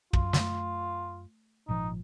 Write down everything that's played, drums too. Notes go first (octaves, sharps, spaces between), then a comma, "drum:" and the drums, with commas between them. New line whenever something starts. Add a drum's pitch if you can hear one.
F#2 F4, drum: kick
A3, drum: snare
G#1 A#2 F3 D#4